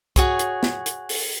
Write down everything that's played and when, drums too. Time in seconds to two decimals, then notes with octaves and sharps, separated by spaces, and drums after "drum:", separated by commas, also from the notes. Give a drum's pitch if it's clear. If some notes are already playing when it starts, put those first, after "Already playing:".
0.16 F#4 G#4 C#5, drum: kick, hi-hat
0.39 drum: hi-hat
0.63 drum: snare
0.86 drum: hi-hat
1.09 drum: open hi-hat